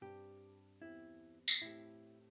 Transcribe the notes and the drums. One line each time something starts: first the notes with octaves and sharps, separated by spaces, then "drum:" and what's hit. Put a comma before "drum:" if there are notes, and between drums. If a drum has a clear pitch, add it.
G2 G3 C4 G4
E2 E3 C4 E4 G4
drum: tambourine
A2 A3 C4 E4 G4